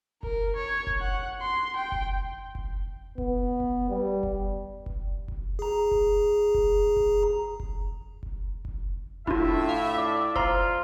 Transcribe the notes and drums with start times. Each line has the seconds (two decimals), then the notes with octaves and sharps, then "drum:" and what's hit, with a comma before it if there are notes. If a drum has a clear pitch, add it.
0.23 A#4, drum: kick F1
0.56 C#5
0.87 drum: kick F1
1.00 F#5
1.42 C6
1.76 G5
1.92 drum: kick F1
2.55 drum: kick F1
3.18 B3, drum: kick F1
3.60 drum: kick F1
3.90 G3
4.23 drum: kick F1
4.86 drum: kick F1
5.28 drum: kick F1
5.59 G#4 A#5
5.91 drum: kick F1
6.54 drum: kick F1
6.97 drum: kick F1
7.60 drum: kick F1
8.23 drum: kick F1
8.65 drum: kick F1
9.27 A2 D4 E4 F4 E5, drum: kick F1
9.69 F5
9.98 D5
10.36 F4 C5 A#5 E6, drum: kick F1